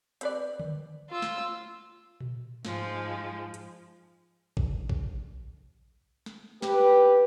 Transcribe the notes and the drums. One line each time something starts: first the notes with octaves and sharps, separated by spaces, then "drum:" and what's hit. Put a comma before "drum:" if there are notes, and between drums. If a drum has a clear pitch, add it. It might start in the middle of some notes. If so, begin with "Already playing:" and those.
C4 B4 D5, drum: hi-hat
drum: tom D3
F4 E6
drum: snare
drum: tom A#2
G#2 F3 G#3, drum: snare
drum: hi-hat
drum: kick A1
drum: kick A1
drum: snare
G4 B4, drum: snare